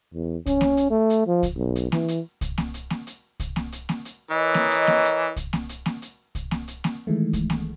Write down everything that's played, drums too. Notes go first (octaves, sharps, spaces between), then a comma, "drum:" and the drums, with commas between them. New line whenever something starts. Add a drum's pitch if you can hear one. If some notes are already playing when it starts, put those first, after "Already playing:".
E2
C#4, drum: kick C2, hi-hat
drum: snare A#3
drum: hi-hat
A3
drum: hi-hat
F3
drum: kick C2, hi-hat
B1
drum: hi-hat
E3, drum: snare A#3
drum: hi-hat
drum: kick C2, hi-hat
drum: snare A#3
drum: hi-hat
drum: snare A#3
drum: hi-hat
drum: kick C2, hi-hat
drum: snare A#3
drum: hi-hat
drum: snare A#3
drum: hi-hat
E3 A#4 C#5 D#5
drum: snare A#3
drum: hi-hat
drum: snare A#3
drum: hi-hat
drum: kick C2, hi-hat
drum: snare A#3
drum: hi-hat
drum: snare A#3
drum: hi-hat
drum: kick C2, hi-hat
drum: snare A#3
drum: hi-hat
drum: snare A#3
D#3 E3 G#3 A3
drum: kick C2, hi-hat
drum: snare A#3